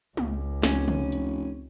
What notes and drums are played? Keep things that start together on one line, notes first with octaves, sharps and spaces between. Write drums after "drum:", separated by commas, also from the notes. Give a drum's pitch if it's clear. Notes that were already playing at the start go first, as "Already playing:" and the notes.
C#2, drum: tom
F1 C#4, drum: snare
drum: tom
drum: hi-hat